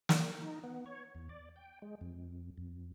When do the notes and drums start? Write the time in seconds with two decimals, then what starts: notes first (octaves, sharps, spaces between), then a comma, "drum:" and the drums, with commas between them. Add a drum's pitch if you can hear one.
0.09 drum: snare
0.19 G5
0.41 D#4
0.64 B3
0.86 C#5
1.15 E2
1.29 D5
1.56 G5
1.82 G#3
2.01 F2
2.58 F2